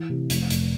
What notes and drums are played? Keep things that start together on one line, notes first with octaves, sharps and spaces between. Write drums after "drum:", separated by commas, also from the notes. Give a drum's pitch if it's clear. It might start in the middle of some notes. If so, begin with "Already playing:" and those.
Already playing: E3
C3
F1, drum: hi-hat
F1, drum: hi-hat